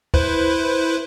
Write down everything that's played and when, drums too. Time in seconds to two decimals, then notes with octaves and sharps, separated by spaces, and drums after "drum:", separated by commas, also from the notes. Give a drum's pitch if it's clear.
0.14 E4 B4 C5, drum: kick